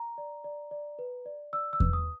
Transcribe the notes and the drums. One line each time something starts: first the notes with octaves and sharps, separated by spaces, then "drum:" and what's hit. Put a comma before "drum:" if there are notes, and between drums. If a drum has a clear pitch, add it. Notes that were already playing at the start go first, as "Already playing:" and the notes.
Already playing: A#5
D5
D5
D5
B4
D5
D5 E6
E6
B4, drum: kick E2
D#6